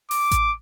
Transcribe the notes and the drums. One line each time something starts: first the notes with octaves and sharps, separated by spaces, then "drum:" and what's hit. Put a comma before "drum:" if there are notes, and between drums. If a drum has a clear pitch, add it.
D6, drum: open hi-hat
drum: kick A1, hi-hat